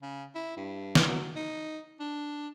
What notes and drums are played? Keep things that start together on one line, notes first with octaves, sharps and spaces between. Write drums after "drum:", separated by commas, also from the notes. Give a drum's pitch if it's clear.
C#3
E4
G2
drum: snare
F#3
D#4
D4